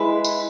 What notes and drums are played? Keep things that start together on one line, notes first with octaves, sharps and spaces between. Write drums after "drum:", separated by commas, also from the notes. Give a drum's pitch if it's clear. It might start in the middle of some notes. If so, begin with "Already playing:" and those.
Already playing: G#3 E4 B4
drum: tambourine